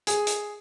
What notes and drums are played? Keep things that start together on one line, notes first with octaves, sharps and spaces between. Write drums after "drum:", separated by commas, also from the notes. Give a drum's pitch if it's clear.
G#4, drum: hi-hat
drum: hi-hat